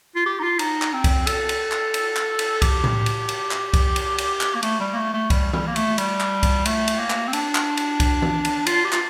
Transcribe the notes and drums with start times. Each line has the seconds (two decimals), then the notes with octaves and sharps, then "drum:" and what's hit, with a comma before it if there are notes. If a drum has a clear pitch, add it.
0.16 F4
0.26 G4
0.39 D#4
0.43 F4
0.59 D#4, drum: cymbal
0.82 drum: clap
0.93 C4
1.04 drum: kick C2, cymbal
1.27 A4, drum: cymbal
1.49 drum: cymbal
1.72 drum: clap
1.94 drum: cymbal
2.16 drum: clap
2.39 drum: cymbal
2.62 G4, drum: kick C2, cymbal
2.84 drum: tom A2
3.06 drum: cymbal
3.29 drum: cymbal
3.51 drum: clap
3.73 drum: kick C2, cymbal
3.96 drum: cymbal
4.18 drum: cymbal
4.41 drum: clap
4.55 A#3
4.63 A3, drum: cymbal
4.80 G3
4.93 A#3
4.96 A3
5.13 A3
5.30 G3, drum: kick C2, cymbal
5.53 G3, drum: tom D#3
5.67 A#3
5.76 A3, drum: cymbal
5.98 G3, drum: cymbal
6.20 drum: clap
6.43 drum: kick C2, cymbal
6.65 A3, drum: cymbal
6.88 drum: cymbal
6.99 A#3
7.10 drum: clap
7.28 C4
7.33 D4, drum: cymbal
7.55 drum: clap
7.77 drum: cymbal
8.00 drum: kick C2, cymbal
8.22 drum: tom D#3
8.45 drum: cymbal
8.67 F4, drum: cymbal
8.85 G4
8.92 F4, drum: clap